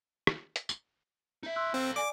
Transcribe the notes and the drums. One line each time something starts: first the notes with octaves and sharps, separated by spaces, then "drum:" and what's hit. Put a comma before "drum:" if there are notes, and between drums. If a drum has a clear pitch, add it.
drum: rim click
drum: hi-hat
drum: tambourine
D#4 E5
C6 E6 F#6
C4 A4 F5
D5 G#5 D6